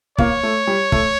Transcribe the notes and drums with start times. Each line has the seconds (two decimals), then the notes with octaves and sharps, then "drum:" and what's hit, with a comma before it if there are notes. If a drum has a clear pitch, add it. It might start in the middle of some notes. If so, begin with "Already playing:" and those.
0.18 A#3 C#5, drum: kick
0.43 A3
0.67 G3
0.92 A3, drum: kick